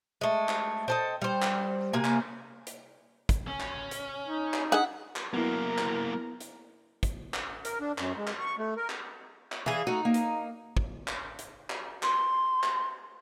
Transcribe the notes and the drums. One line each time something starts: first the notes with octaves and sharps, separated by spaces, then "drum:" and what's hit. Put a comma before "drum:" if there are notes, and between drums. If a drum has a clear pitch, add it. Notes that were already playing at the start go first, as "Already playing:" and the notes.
G#3 A3
drum: clap
C4 A4 D#5
G3 C5
drum: clap
C3 A#3 G#5
drum: clap
drum: hi-hat
drum: kick, hi-hat
C#4
drum: clap
drum: hi-hat
D#4
drum: clap
D4 G#4 D#5 E5 F#5
drum: clap
F#3 A#3 B3 E4 A#4
drum: clap
drum: hi-hat
drum: kick, hi-hat
drum: clap
A#4, drum: hi-hat
D4
F#2, drum: clap
G#3
drum: clap
C#6
A3
A#4
drum: clap
drum: clap
E3 G#4 F5
A3 D#4 F#4
A#3
drum: hi-hat
drum: kick
drum: clap
drum: hi-hat
drum: clap
C6, drum: clap
drum: clap